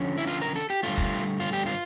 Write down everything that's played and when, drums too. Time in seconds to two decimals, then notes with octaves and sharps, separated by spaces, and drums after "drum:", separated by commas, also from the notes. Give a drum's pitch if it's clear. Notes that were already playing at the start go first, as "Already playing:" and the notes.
Already playing: D3 F3 C#4
0.18 E4
0.27 F4, drum: open hi-hat
0.42 A#4, drum: hi-hat
0.56 A4
0.70 G4, drum: hi-hat
0.83 G2 D3 A3 F4, drum: open hi-hat
0.98 drum: kick, hi-hat
1.12 drum: open hi-hat
1.40 F4, drum: hi-hat
1.53 G4
1.66 F4, drum: open hi-hat